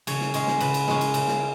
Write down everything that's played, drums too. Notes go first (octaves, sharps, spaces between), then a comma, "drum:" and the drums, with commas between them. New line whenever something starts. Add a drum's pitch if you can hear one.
C#3 C#5, drum: cymbal
drum: snare
G#3 C#4, drum: cymbal
drum: snare
C#3 B4, drum: cymbal
drum: cymbal
G#3 C#4, drum: snare
drum: cymbal
C#3, drum: cymbal
drum: snare